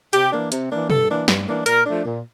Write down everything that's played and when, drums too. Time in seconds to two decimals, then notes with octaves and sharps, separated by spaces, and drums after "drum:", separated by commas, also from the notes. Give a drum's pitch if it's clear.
0.13 C3 G4, drum: hi-hat
0.33 E3 A#3 D4
0.52 C3, drum: hi-hat
0.71 E3 A#3 D4
0.90 G2 A4, drum: tom B2
1.09 E3 A#3 D4
1.28 G2, drum: snare
1.48 E3 A#3 D4
1.66 A#2 A#4, drum: hi-hat
1.85 F3 A3 D4
2.04 A#2